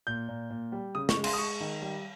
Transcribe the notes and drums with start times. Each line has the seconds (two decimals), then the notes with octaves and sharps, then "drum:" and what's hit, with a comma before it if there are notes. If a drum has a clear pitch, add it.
0.07 A#2 G6
0.28 A#2
0.50 A#2
0.72 G3
0.95 C#3 D#6
1.09 C#6, drum: snare
1.16 G#3
1.24 C6, drum: cymbal
1.33 D#6
1.38 G#3 C#6
1.60 D#3
1.82 G3